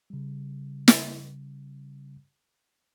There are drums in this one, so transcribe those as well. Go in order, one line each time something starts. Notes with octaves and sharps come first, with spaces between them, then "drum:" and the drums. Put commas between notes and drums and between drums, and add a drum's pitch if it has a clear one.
C#3 G3
drum: snare